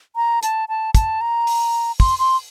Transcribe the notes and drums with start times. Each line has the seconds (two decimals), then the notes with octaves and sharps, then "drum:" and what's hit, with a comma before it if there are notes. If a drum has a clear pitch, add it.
0.16 A#5
0.43 A5, drum: hi-hat
0.69 A5
0.95 A5, drum: kick, hi-hat
1.21 A#5
1.47 drum: open hi-hat
2.00 C6, drum: kick, open hi-hat
2.19 C6